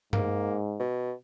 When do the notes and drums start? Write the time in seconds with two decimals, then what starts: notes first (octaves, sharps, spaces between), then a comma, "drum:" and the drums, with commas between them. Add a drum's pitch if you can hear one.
0.13 G#2 A#3, drum: tom G2
0.79 B2